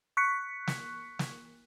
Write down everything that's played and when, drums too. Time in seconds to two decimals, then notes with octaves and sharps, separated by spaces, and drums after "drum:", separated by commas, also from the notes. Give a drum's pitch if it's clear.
0.17 C#6 F#6 B6 C#7
0.67 drum: snare
1.19 drum: snare